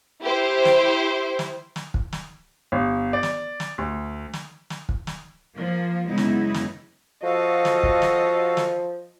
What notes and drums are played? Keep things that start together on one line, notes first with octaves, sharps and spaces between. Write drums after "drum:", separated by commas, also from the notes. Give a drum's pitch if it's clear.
E4 G4 C5
drum: snare
drum: snare
drum: snare
drum: kick
drum: snare
G1
D5
drum: snare
drum: snare
D2
drum: snare
drum: snare
drum: kick
drum: snare
F3 A#3
F#2 C#3 G#3 B3 D#4 E4
drum: snare
drum: snare
F3 F#4 A4 D#5 F5
drum: snare
drum: kick
drum: snare
drum: snare